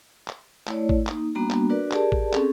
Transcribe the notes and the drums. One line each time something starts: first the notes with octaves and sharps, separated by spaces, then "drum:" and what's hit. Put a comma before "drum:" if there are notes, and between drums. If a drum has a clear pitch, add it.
drum: clap
A3 E4 C#5 D5, drum: clap
drum: kick A1
A#3 D#4, drum: clap
G3 A#3 B3 D4 F#4 A#5
drum: clap
D4 F#4 A#4 B4 D5
G4 G#4 A#4 D5 A5, drum: clap
drum: kick A1
C4 C#4 G#4 A4, drum: clap